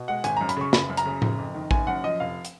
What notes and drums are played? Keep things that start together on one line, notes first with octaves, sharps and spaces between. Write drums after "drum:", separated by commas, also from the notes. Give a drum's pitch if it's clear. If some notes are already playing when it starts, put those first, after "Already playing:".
Already playing: B2
G#3 F#5
G#1 G#5, drum: hi-hat
F#2 A#5
B5, drum: hi-hat
C#3 C#6
F#1 B5, drum: snare
F#2
A#5, drum: hi-hat
C#3
F#1, drum: tom A2
F2
D#3
F#1 G#5, drum: kick A1
F#2 F#5
F3 D#5
F1 F5
drum: hi-hat